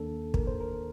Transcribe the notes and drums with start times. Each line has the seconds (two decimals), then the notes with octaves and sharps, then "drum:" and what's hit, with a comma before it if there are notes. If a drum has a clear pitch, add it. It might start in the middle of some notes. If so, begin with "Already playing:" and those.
Already playing: D#2 D#3 A#3 D4 A4
0.34 A#4, drum: kick
0.47 C5
0.61 A#4